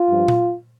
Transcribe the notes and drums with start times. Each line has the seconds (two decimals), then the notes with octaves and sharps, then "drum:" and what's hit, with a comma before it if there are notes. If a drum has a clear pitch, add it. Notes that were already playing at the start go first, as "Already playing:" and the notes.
Already playing: F4
0.09 G2 F3
0.28 drum: tom A#2